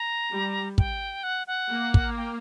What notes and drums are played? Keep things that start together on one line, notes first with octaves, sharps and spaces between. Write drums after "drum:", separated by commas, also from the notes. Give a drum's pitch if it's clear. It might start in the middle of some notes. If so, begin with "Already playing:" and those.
Already playing: A#5
G3
G5, drum: kick
F#5
F#5
A#3
drum: kick
G5